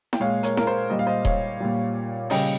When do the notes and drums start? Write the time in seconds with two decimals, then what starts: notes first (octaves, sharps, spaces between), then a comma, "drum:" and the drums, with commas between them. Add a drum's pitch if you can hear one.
0.13 G5, drum: snare E4
0.20 A#2 G#3 C#5 F5
0.43 A#4 C#5, drum: hi-hat
0.57 A#4, drum: snare E4
0.67 C5
0.90 A#2 G3 D#5
0.99 F5
1.07 C5 D#5
1.25 C#5 F5, drum: kick D#1
1.60 A#2 G3
2.30 C#3 G3 D#5 G5, drum: open hi-hat